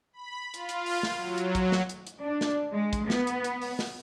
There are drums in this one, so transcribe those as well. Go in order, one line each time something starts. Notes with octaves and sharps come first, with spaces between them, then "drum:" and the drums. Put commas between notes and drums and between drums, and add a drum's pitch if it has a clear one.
B5
F4, drum: hi-hat
drum: hi-hat
drum: open hi-hat
drum: snare
F#3
drum: hi-hat
drum: kick, hi-hat
drum: snare
drum: hi-hat
drum: hi-hat
D4
drum: snare
G#3
drum: kick, hi-hat
B3, drum: snare
drum: hi-hat
drum: hi-hat
drum: open hi-hat
drum: snare